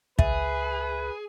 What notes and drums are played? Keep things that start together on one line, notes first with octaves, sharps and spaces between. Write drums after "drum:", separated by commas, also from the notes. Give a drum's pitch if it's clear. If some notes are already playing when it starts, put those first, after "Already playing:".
C#2 G#4 B4 E5, drum: kick